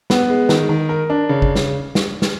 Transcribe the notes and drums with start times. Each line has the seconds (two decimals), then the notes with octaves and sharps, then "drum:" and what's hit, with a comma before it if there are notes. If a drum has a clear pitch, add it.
0.10 B3, drum: snare
0.30 G#3
0.49 D#3, drum: snare
0.69 D#3
0.89 A#4
1.10 D4
1.29 C#3
1.42 drum: kick G#1
1.55 drum: snare
1.95 drum: snare
2.22 drum: snare